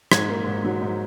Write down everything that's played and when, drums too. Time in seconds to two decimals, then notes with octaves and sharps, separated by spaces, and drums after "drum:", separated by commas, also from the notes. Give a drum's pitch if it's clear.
0.12 G#2 G#6, drum: rim click
0.29 A#3
0.46 G#2
0.64 F#3
0.81 G#2